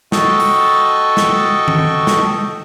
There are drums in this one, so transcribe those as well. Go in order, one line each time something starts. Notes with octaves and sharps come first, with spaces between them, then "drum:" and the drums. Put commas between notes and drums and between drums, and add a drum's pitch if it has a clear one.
F#4 A4 D#5 G5 A5 C#6, drum: snare
drum: open hi-hat
drum: snare
drum: tom D#3
drum: snare